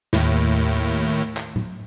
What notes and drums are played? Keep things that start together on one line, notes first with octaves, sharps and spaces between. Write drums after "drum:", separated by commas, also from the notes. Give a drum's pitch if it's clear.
D#2 A2, drum: snare
drum: clap
drum: tom A2